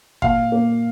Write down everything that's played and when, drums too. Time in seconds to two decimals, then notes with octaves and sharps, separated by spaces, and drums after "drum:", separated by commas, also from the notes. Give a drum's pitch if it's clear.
0.22 A#2 F5, drum: kick G1
0.52 A#3